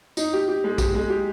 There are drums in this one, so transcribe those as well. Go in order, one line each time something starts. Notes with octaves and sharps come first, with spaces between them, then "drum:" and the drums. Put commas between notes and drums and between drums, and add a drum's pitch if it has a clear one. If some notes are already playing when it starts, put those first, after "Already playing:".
D#4, drum: tambourine
G4
G4
G#3
G4, drum: kick A#1, tambourine
G#3
G4